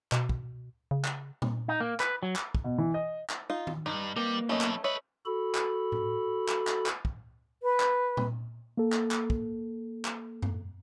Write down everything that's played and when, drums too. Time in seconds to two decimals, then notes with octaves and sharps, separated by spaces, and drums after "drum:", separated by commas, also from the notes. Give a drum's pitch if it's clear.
0.12 B2, drum: clap
0.29 drum: kick
0.91 C#3
1.04 drum: clap
1.42 drum: tom A#2
1.68 D#4
1.80 A#3
2.00 B4, drum: clap
2.23 F#3
2.36 drum: clap
2.55 drum: kick
2.64 B2
2.78 E3
2.94 D#5
3.30 drum: clap
3.50 D#4 F4
3.67 drum: tom D#3
3.86 G2 D#4
4.16 G3 A#3 A#4 B4
4.49 F#3 A3 B3 C#4 D#5
4.61 drum: clap
4.84 A4 B4 C#5 D#5 E5
5.26 F#4 A4 B5
5.55 drum: clap
5.92 drum: tom A2
6.49 drum: clap
6.67 drum: clap
6.86 drum: clap
7.05 drum: kick
7.63 B4
7.80 drum: clap
8.17 drum: tom A#2
8.77 A#3 A4
8.92 drum: clap
9.11 drum: clap
9.30 drum: kick
10.05 drum: clap
10.42 drum: tom F#2